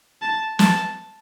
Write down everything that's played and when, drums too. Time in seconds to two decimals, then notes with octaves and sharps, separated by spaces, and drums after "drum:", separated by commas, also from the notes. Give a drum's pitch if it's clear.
0.22 A5
0.59 A5, drum: snare